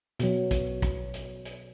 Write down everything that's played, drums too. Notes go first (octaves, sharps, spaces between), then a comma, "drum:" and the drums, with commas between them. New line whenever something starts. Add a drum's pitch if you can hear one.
B2 F#3, drum: hi-hat
drum: kick A#1, hi-hat
drum: kick A#1, hi-hat
drum: hi-hat
drum: hi-hat